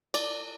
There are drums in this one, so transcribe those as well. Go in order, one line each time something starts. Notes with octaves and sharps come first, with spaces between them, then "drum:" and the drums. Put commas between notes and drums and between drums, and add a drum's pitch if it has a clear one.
D5, drum: cymbal